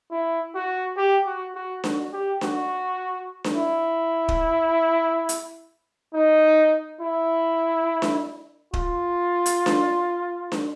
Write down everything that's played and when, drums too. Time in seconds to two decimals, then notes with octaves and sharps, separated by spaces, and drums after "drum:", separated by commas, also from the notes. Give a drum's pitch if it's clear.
0.11 E4
0.55 F#4
0.97 G4
1.26 F#4
1.55 F#4
1.84 F#4, drum: snare D4
2.13 G4
2.41 F#4, drum: snare D4
3.44 drum: snare D4
3.56 E4
4.29 drum: kick D#1
5.29 drum: hi-hat
6.14 D#4
7.01 E4
8.02 drum: snare D4
8.74 F4, drum: kick D#1
9.46 drum: hi-hat
9.66 drum: snare D4
10.52 drum: snare D4